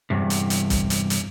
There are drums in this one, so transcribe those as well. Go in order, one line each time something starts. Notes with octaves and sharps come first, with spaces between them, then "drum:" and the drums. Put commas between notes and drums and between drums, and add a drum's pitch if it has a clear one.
E2 G2 C3
drum: hi-hat
drum: hi-hat
drum: kick, hi-hat
drum: hi-hat
drum: hi-hat